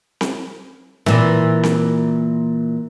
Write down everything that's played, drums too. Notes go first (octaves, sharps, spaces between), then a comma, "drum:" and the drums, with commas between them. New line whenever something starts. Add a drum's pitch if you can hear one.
drum: snare C4
A#2 E3, drum: snare C4
drum: snare C4